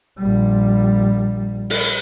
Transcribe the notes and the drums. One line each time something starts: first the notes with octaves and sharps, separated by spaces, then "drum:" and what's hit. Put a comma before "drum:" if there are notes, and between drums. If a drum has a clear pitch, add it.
A#1 G3
drum: open hi-hat